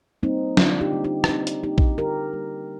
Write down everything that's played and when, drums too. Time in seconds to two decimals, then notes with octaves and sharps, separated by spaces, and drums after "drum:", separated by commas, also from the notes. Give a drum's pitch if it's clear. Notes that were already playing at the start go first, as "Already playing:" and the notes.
0.23 G3 A#3 C4 D#4
0.57 D3 D4 F4, drum: snare
0.81 D#4 G4
0.93 G3 A#3
1.04 D#4 G4
1.24 D4, drum: rim click
1.28 D3 C4 D#4
1.47 drum: hi-hat
1.63 G3 A#3 D#4 G4
1.78 drum: kick A#1
1.98 D3 G4 A#4
2.33 G3 A#3